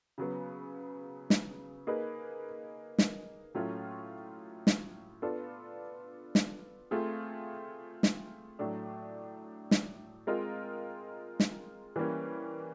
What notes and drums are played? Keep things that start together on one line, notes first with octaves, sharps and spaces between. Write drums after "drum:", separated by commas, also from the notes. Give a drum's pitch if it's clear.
C#3 F#3 B3
drum: snare
A#3 D#4 G#4 B4
drum: snare
A2 F#3 A3 C#4 F4
drum: snare
B3 D4 F4 A4
drum: snare
A3 C4 F4 G#4
drum: snare
A2 F#3 A3 D4
drum: snare
G#3 C4 F4 A#4 D#5
drum: snare
E3 G3 A#3 C#4